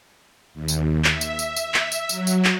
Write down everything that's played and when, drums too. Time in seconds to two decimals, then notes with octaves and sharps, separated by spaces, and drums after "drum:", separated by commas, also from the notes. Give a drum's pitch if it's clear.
0.54 D#2
0.68 drum: tambourine
1.04 E5, drum: clap
1.21 drum: tambourine
1.39 drum: tambourine
1.56 drum: tambourine
1.74 drum: clap
1.92 drum: tambourine
2.09 F#3, drum: tambourine
2.27 drum: tambourine
2.45 drum: clap